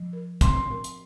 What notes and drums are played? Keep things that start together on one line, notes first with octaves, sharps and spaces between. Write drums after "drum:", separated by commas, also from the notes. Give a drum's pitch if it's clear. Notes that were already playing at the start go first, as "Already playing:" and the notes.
Already playing: F3
A#4
C4 C6, drum: kick, hi-hat
A#4
drum: hi-hat